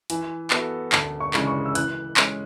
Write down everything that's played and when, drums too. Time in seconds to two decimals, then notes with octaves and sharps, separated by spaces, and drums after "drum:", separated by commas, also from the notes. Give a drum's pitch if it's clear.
0.10 E3 G#5, drum: hi-hat
0.51 B3 F#4 A4 E5, drum: clap
0.92 D2 A5, drum: clap
1.20 C#6
1.34 C#3 E3 G#3 D4, drum: clap
1.47 C#6
1.66 E6
1.75 E3 F#6, drum: hi-hat
2.17 G#3 C#4, drum: clap